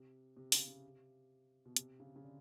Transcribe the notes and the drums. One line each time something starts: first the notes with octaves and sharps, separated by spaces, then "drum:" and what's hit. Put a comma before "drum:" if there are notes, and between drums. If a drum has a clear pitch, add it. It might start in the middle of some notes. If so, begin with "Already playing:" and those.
Already playing: C3
C3
C#3, drum: open hi-hat
C3
B2
C3, drum: hi-hat
C#3
C#3
D3